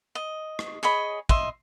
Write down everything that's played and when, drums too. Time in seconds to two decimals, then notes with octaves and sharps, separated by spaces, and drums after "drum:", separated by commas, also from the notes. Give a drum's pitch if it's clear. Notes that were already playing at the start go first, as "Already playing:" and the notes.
0.15 D#5
0.59 drum: rim click
0.83 G#4 C#5 D#5 B5
1.29 D#5 E5 C6, drum: kick